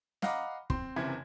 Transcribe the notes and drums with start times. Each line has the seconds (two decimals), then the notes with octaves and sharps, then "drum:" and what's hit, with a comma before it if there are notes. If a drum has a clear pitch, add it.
0.22 D#5 F5 F#5 A#5 B5 D6, drum: snare
0.70 C4 C6, drum: kick
0.96 F#1 F#2 C3 E3 E4 G#6